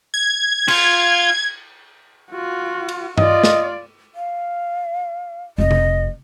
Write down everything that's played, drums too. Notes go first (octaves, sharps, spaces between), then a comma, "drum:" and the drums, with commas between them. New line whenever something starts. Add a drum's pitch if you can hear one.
G#6
F4, drum: cymbal
F4 F#4
drum: cymbal
F4 D5 D#5, drum: tom G2
drum: snare
F5
F1 D#5
drum: tom C3